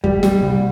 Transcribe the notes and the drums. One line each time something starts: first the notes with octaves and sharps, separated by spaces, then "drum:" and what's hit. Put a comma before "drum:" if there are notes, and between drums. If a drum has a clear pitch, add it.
G3, drum: kick
G3, drum: snare
C2